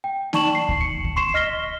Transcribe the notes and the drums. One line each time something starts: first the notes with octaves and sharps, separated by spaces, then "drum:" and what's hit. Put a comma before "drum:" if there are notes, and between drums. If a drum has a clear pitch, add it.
G5
D#4 D5 A5 C#6 E7 F#7, drum: snare A#3
C7
drum: kick D2
C#7
drum: kick D2
C6 C#6 C7 E7
D#5 F6 A#6 B6 G7